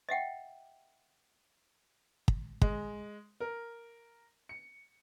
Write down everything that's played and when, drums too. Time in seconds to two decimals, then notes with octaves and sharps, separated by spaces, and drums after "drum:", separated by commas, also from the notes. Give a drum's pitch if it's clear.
0.09 D#5 E5 F#5 G5
2.28 drum: kick
2.62 G#3, drum: kick
3.40 A#4
4.49 C#7